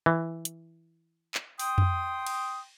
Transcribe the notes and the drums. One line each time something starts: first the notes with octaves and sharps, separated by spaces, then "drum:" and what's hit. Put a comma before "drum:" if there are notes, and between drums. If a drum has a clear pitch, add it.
E3
drum: hi-hat
drum: clap
G5 C6 D#6, drum: open hi-hat
drum: tom F2
drum: cymbal